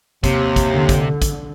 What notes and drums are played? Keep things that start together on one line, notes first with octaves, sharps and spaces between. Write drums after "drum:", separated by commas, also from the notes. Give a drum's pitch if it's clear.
D#2 C3, drum: kick, hi-hat
drum: kick, hi-hat
D3
drum: kick, hi-hat
drum: kick, hi-hat